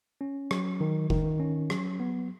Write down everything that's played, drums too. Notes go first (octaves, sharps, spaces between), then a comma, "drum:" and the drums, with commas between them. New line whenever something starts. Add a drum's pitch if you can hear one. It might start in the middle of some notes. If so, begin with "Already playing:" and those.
C#4
F#3, drum: rim click
D#3
D#3, drum: kick F1
C#4
F#3, drum: rim click
B3